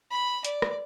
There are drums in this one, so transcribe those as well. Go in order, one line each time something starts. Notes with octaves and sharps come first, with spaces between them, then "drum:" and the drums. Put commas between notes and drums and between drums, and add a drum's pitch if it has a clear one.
B5
D5, drum: hi-hat
drum: rim click